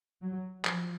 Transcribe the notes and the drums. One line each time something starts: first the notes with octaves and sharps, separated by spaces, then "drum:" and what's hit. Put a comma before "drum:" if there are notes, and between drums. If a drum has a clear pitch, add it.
F#3
F3, drum: clap